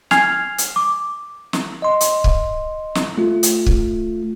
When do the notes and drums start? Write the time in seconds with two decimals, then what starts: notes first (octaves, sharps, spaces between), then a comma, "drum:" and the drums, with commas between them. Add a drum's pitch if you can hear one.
0.11 G#5 F6 G#6 C7 F7, drum: snare
0.58 drum: hi-hat
0.76 D6
1.53 drum: snare
1.82 D#5 C6
2.01 drum: hi-hat
2.24 drum: kick C#1
2.95 drum: snare
3.18 A3 F4
3.43 drum: hi-hat
3.66 drum: kick C#1